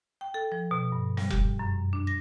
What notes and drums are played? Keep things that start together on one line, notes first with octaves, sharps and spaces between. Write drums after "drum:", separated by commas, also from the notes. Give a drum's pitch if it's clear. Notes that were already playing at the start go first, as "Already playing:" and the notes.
G5
A4
F3
B2
G2
G3, drum: snare
G4, drum: kick F1
F#2
D4
A#6